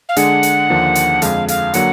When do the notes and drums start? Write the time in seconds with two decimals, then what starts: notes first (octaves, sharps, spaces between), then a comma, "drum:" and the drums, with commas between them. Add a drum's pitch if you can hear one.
0.09 F5
0.16 D3 G#3 D4 G#4 F#5, drum: hi-hat
0.43 drum: hi-hat
0.69 D#2 D3 F3 A#3 D4
0.95 drum: hi-hat
1.22 F2 D3 G#3 F5, drum: hi-hat
1.48 F5, drum: hi-hat
1.74 D3 F#3 A#3 F#5, drum: hi-hat